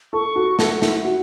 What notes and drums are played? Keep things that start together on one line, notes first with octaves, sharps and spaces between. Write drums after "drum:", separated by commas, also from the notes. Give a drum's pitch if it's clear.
A4 C#6
F#4
A4 F#5, drum: snare
E4, drum: snare
F#4 F#5